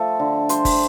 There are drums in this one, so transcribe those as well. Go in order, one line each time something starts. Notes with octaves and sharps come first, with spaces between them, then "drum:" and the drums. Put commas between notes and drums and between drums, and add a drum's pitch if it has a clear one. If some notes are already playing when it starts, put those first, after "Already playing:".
Already playing: F3 A3 A4
D3
G3 C5, drum: hi-hat
drum: kick G1, open hi-hat